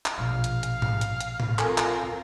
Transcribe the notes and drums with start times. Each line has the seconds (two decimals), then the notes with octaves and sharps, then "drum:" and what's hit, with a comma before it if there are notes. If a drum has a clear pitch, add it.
0.06 drum: clap
0.18 A#1 B2 F5
0.44 drum: hi-hat
0.63 drum: hi-hat
0.82 drum: tom G#2
1.01 drum: hi-hat
1.20 drum: hi-hat
1.40 drum: tom A2
1.59 C4 F4 A4 A#4 G#5, drum: clap
1.78 drum: clap